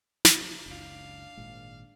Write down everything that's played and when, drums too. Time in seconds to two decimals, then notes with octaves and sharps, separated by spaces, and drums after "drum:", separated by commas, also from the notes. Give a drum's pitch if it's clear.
0.25 drum: snare
0.66 F#1 C#2 D4 F5
1.37 G#1 A#2 G#3